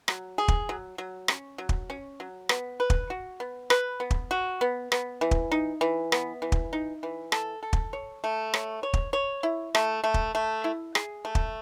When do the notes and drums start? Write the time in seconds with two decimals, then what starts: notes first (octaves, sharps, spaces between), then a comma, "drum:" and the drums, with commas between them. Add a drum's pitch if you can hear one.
0.08 F#3, drum: rim click
0.38 G#4
0.48 drum: kick
0.69 F#3
0.98 F#3
1.28 C#4, drum: rim click
1.58 F#3
1.69 drum: kick
1.90 C#4
2.20 F#3
2.49 B3, drum: rim click
2.80 B4
2.90 drum: kick
3.10 F#4
3.40 B3
3.70 B4, drum: rim click
4.00 B3
4.11 drum: kick
4.31 F#4
4.61 B3
4.92 B3, drum: rim click
5.21 E3
5.31 drum: kick
5.52 D#4
5.81 E3
6.12 B3, drum: rim click
6.42 E3
6.52 drum: kick
6.73 D#4
7.03 E3
7.32 A4, drum: rim click
7.63 A4
7.73 drum: kick
7.93 C#5
8.24 A3
8.54 C#5, drum: rim click
8.83 C#5
8.94 drum: kick
9.13 C#5
9.43 E4
9.75 A3, drum: rim click
10.04 A3
10.14 drum: kick
10.35 A3
10.64 E4
10.95 G#4, drum: rim click
11.25 A3
11.35 drum: kick